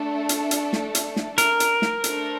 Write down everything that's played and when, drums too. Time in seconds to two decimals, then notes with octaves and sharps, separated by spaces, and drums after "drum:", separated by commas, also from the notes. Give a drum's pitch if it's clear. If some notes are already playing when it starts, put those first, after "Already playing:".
Already playing: A3 D4 A4
0.29 drum: hi-hat
0.51 drum: hi-hat
0.73 drum: snare
0.95 drum: hi-hat
1.16 drum: snare
1.38 A#4, drum: hi-hat
1.60 drum: hi-hat
1.82 drum: snare
2.04 A3 D4 A4 C5, drum: hi-hat